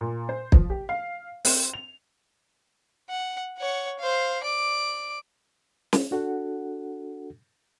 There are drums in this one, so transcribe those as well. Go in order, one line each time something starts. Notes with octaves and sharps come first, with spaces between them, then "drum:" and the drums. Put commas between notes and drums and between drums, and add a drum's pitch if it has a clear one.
A#2
C5
F3, drum: kick
G4
F5
C4, drum: open hi-hat
F7
F#5
C#5 F#5
C5 F5
D5 D6
drum: snare
D4 F#4 A4 F#5